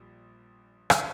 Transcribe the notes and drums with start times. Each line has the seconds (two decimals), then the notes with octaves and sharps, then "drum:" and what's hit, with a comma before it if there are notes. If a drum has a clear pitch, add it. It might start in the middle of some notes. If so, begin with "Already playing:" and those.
Already playing: A#1 A#2 G3
0.90 C#3 F#3 C#5, drum: rim click